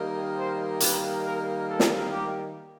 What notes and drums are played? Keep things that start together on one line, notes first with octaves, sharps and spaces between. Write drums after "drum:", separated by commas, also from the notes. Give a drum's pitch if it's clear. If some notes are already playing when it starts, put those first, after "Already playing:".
Already playing: D#3 G3 A#3
C5
B4, drum: hi-hat
A#4
A4
drum: snare
G4